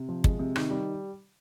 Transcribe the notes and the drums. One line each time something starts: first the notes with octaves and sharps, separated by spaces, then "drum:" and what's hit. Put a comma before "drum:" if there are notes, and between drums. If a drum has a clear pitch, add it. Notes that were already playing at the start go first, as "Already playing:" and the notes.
Already playing: C3
F3
G#3, drum: kick
C3
D#3, drum: rim click
G3